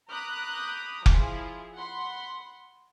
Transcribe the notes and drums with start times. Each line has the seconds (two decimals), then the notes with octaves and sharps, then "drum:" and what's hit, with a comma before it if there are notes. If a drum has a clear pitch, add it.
0.10 A#5 B5 D6 D#6 F#6 G6
1.06 F3 E4 F4 G#4, drum: kick F1
1.76 F#5 B5 C6